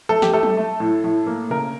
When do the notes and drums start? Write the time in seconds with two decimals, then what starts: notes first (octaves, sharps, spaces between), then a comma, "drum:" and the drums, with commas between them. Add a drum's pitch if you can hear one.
0.09 A3 A4
0.22 G4, drum: snare
0.34 A3 A4
0.43 drum: tom F#3
0.57 A3
0.80 A2
1.04 A2
1.27 A#3
1.50 C#3 A#4